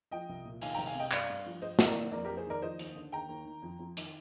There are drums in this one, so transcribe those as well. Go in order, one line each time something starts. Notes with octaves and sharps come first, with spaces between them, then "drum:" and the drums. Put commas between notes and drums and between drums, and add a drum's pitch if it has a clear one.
F3 D#5 G5
C2
A#2
D#3 F5 G#5, drum: open hi-hat
C2 G5 A#5
F5 G#5
C3 D#5 G5
G2 D5 F5, drum: clap
G2
F3
G2 C5 D#5
G2 D#5, drum: snare
A#4 D5
D#3
F2 A#4 D5
G4 A#4
F2
G#4 C5
D#3 A#4 D5
F3 C5 D#5
D#2, drum: hi-hat
D3
D#2 G5 A#5
D#2
D#3
F2
F2
D#3, drum: hi-hat